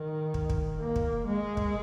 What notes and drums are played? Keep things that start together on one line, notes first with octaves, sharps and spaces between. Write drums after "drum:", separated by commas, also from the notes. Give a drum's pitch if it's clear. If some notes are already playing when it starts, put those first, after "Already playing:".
Already playing: D#3
drum: kick
drum: kick
A#3
drum: kick
G#3
drum: kick